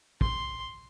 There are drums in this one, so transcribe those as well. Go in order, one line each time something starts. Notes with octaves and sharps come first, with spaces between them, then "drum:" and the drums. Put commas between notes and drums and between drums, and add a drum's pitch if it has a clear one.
C6, drum: kick